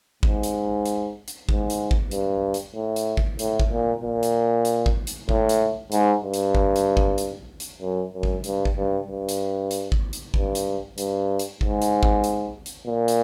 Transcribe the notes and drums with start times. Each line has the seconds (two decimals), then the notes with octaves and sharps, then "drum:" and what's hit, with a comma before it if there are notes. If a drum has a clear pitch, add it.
0.23 G#2, drum: kick G#1
0.43 drum: hi-hat
0.86 drum: hi-hat
1.28 drum: hi-hat
1.49 G#2, drum: kick G#1
1.70 drum: hi-hat
1.91 drum: kick G#1
2.11 G2, drum: hi-hat
2.54 drum: hi-hat
2.75 A2
2.96 drum: hi-hat
3.17 drum: kick G#1
3.39 A2, drum: hi-hat
3.60 drum: kick G#1
3.70 A#2
4.01 A#2
4.23 drum: hi-hat
4.65 drum: hi-hat
4.86 drum: kick G#1
5.07 drum: hi-hat
5.29 A2, drum: kick G#1
5.49 drum: hi-hat
5.92 G#2, drum: hi-hat
6.22 G2
6.34 drum: hi-hat
6.55 drum: kick G#1
6.76 drum: hi-hat
6.97 drum: kick G#1
7.18 drum: hi-hat
7.60 drum: hi-hat
7.81 F#2
8.13 F#2
8.23 drum: kick G#1
8.44 G2, drum: hi-hat
8.65 drum: kick G#1
8.76 G2
9.07 G2
9.29 drum: hi-hat
9.71 drum: hi-hat
9.92 drum: kick G#1
10.13 drum: hi-hat
10.34 G2, drum: kick G#1
10.55 drum: hi-hat
10.98 G2, drum: hi-hat
11.39 drum: hi-hat
11.61 G#2, drum: kick G#1
11.82 drum: hi-hat
12.03 drum: kick G#1
12.24 drum: hi-hat
12.66 drum: hi-hat
12.86 A#2
13.08 drum: hi-hat